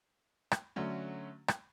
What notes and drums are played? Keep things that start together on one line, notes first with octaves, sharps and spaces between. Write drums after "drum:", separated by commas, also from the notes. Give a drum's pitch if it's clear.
drum: rim click
D3 F#3 A3 C#4
drum: rim click